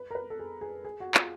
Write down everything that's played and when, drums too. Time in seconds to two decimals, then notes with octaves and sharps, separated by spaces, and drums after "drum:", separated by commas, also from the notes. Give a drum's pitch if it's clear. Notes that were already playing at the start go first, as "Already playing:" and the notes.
Already playing: B4
0.11 A#4
0.15 B4
0.30 A4
0.39 G#4
0.61 G#4
0.85 G#4
1.00 F#4
1.14 F4, drum: clap